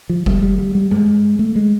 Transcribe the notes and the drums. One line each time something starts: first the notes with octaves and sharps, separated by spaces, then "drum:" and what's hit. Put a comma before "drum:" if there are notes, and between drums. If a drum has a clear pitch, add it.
F3
G3, drum: kick F1
G3
G3
G3
G#3, drum: tom G2
A3
G#3